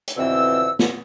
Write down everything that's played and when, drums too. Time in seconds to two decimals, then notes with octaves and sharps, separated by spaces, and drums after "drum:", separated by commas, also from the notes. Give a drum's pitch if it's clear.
0.08 drum: hi-hat
0.17 F2 B2 D3 E3 C4 E6
0.79 drum: snare